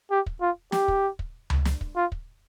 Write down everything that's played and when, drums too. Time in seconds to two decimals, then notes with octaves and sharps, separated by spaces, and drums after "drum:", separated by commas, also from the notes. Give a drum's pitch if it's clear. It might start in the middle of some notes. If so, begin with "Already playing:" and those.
0.11 G4
0.26 drum: kick
0.41 F4
0.72 G4, drum: snare
0.88 drum: kick
1.19 drum: kick
1.50 drum: tom C#2
1.65 drum: snare
1.81 drum: kick
1.96 F4
2.12 drum: kick